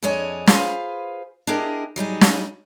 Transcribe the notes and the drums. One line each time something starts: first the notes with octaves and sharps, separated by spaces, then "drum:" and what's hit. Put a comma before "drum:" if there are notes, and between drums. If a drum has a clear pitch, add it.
F2 D4 G#4 C#5 D#5 G#5
F4 G#4 B4 C5 F5, drum: snare
D4 E4 G4 G#4 A#4 D#5
F#3 G3 D#4 G#4
drum: snare